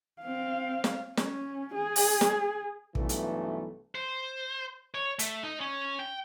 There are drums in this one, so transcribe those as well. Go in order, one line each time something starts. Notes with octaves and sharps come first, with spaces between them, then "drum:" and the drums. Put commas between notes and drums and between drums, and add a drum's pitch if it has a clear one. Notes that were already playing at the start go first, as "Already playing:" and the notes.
C4 F5
drum: snare
C#4, drum: snare
G#4
drum: open hi-hat
drum: snare
B1 G2 E3 A3, drum: kick
drum: hi-hat
C5
C#5
A3, drum: hi-hat
D#4
C#4
G5